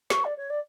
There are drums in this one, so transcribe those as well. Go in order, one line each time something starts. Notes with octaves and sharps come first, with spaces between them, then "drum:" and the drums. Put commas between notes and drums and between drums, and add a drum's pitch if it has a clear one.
C#6, drum: snare
D5
C#5
D5